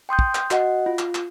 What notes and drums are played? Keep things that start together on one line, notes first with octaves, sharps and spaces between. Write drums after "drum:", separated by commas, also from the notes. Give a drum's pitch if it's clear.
G5 C6 D#6 G6
drum: kick
drum: clap
F#4 D#5 F#5, drum: clap
F4
drum: clap
drum: clap